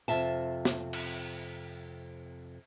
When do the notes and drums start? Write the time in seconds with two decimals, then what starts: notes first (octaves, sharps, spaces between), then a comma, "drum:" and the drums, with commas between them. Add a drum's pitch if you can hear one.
0.08 F2 C3 F4 E5 A5
0.65 drum: snare
0.93 drum: cymbal